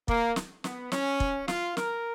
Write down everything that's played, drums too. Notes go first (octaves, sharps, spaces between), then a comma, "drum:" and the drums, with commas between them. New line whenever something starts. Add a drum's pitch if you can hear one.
A#3, drum: kick
drum: snare
B3, drum: snare
C#4, drum: snare
drum: kick
F4, drum: snare
A#4, drum: snare